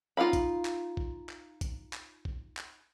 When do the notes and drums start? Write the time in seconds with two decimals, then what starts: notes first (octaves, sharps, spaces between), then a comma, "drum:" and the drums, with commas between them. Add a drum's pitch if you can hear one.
0.17 D#4 F4 A#4 F5 B5
0.33 drum: kick, hi-hat
0.65 drum: clap
0.97 drum: kick
1.29 drum: clap
1.61 drum: kick, hi-hat
1.93 drum: clap
2.25 drum: kick
2.57 drum: clap